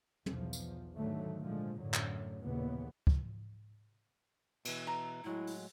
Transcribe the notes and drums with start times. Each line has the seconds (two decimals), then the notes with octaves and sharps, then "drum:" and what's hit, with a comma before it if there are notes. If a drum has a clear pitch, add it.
0.26 B1 E2 F3, drum: tom
0.53 drum: tambourine
0.96 G#2 D3 D#3 F#3 A3
1.40 A#2 D3 F3 G#3
1.81 F#2 A2 D3 F#3
1.94 drum: clap
2.42 D#2 A#2 C#3 E3 B3
3.07 drum: kick
4.65 B2 E3, drum: cymbal
4.87 A#5
5.24 A2 F#3 G#3 E4
5.47 drum: open hi-hat